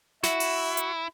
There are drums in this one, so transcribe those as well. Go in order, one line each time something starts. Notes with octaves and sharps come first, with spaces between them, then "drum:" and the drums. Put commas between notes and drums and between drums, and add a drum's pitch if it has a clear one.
E4 F#4 E5, drum: snare
drum: open hi-hat
drum: hi-hat